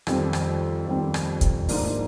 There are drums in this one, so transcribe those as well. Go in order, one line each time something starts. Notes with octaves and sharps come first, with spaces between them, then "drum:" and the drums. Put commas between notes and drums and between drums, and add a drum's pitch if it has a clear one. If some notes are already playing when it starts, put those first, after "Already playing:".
F2 D#3 G3 C4, drum: rim click
drum: rim click
F2 D#3 G3 C4
drum: rim click
drum: kick, hi-hat
G#2 F3 A#3 D4, drum: open hi-hat